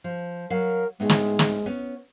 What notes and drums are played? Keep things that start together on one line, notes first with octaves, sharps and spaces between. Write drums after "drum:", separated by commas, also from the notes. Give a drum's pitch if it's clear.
F3
F#3 A#4 F5
A2 G#3 B3 D#4
drum: snare
drum: snare
B3 C#4